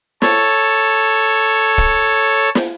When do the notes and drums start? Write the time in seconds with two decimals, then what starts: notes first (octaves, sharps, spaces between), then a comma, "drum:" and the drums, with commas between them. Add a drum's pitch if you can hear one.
0.22 A4 C#5, drum: snare
1.78 drum: kick
2.55 drum: snare